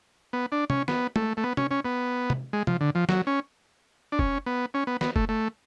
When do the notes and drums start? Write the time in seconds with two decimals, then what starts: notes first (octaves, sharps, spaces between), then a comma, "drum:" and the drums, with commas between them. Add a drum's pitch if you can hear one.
0.33 B3
0.52 D4
0.70 C#4, drum: tom
0.88 B3, drum: snare
1.16 A3, drum: tom
1.37 A3
1.44 B3
1.57 C#4, drum: tom C3
1.71 C#4
1.85 B3
2.30 drum: tom
2.53 G#3
2.67 F3, drum: tom
2.81 D3
2.95 F3
3.09 F#3, drum: snare
3.27 C#4
4.12 D4
4.19 C#4, drum: kick
4.46 B3
4.74 C#4
4.87 B3
5.01 B3, drum: snare
5.16 A3, drum: kick
5.29 A3